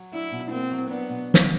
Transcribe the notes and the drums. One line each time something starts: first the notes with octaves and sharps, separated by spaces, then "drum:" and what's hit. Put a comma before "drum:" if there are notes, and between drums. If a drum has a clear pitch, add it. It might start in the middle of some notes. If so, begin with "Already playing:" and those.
Already playing: F#3
D4 E4
B2
A#3 C4
F#3
B3 D4
B2
drum: snare